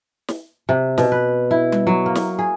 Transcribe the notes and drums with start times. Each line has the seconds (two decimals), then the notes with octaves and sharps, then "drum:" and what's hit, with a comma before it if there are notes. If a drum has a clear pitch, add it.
0.28 drum: snare
0.69 C3
0.98 B2, drum: snare
1.12 B4
1.51 E4
1.72 drum: tom G3
1.87 F#3
2.06 A#3
2.15 drum: snare
2.39 G#4